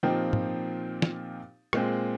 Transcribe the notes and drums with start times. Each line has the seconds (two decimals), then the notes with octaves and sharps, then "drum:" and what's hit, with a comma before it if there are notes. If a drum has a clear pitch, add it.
0.03 A#2 F3 C4 D#4 G4
0.33 drum: tom
1.02 drum: snare
1.73 A#2 G#3 C4, drum: rim click